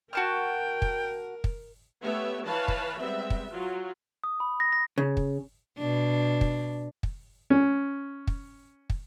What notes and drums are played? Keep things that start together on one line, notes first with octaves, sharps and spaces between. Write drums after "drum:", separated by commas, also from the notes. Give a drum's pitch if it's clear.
F#4 A#4 G5 A5 F6
drum: kick
drum: kick
A3 B3 G4 C#5 E5
E3 B4 C#5 F5 A5 B5
drum: kick
G3 G#3 B3 C4 E5
drum: kick
F#3 F4
D#6
B5
A#6
A#6
C#3
drum: kick
B2 D4
drum: kick
drum: kick
C#4
drum: kick
drum: kick